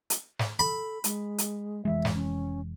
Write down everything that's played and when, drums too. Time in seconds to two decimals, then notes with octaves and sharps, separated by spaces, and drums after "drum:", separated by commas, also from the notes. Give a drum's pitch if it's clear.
0.10 drum: hi-hat
0.39 drum: snare
0.59 A4 B5
1.04 G#3, drum: hi-hat
1.38 drum: hi-hat
1.85 F1 E3 G#3 E5
2.05 drum: snare
2.14 C#4